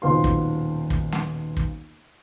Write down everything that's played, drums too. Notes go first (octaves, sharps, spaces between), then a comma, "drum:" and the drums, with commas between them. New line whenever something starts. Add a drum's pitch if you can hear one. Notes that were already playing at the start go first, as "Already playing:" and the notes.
D#1 B1 B3 F4 C5 C6
drum: kick
drum: kick
drum: snare
drum: kick